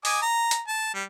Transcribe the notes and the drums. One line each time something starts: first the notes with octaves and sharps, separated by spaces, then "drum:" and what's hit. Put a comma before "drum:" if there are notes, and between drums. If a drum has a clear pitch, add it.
D#5 G#5 D6, drum: open hi-hat
A#5
drum: hi-hat
A5
G3